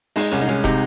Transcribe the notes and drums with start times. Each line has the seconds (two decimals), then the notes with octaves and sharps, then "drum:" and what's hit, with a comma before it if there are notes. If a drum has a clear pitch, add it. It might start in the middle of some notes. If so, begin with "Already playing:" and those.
0.16 G#3 D#4, drum: open hi-hat
0.32 C2 C#4, drum: hi-hat
0.42 D#4
0.48 G#3 C#4, drum: hi-hat
0.64 C3 D#4, drum: kick, hi-hat